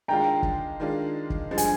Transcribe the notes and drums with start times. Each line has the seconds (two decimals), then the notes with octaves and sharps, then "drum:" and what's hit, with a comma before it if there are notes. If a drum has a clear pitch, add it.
0.08 D#3 G#3 D4 F4 G5 A#5
0.43 drum: kick
0.80 D#3 G#3 D4 F4
1.30 drum: kick
1.51 G2 F3 G#3
1.58 G#5, drum: hi-hat